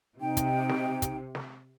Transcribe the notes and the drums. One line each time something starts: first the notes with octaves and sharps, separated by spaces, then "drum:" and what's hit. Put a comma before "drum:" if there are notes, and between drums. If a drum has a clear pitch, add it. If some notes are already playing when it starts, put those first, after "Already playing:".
C3 D#4 G5
drum: kick, hi-hat
drum: snare
drum: kick, hi-hat
drum: snare